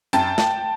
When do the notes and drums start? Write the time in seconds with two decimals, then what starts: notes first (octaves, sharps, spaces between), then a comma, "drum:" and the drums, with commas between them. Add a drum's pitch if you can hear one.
0.13 F#2 G5 A5, drum: hi-hat
0.38 drum: snare